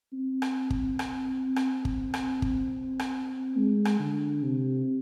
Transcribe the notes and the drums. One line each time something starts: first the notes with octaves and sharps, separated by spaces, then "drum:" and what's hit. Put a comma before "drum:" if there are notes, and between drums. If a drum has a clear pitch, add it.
C4
drum: rim click
drum: kick
drum: rim click
drum: rim click
drum: kick
drum: rim click
drum: kick
drum: rim click
G#3
drum: rim click
D3
C3